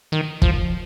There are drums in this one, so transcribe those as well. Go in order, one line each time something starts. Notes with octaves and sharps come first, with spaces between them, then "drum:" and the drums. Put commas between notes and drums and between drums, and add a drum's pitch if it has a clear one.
D#3
F3, drum: kick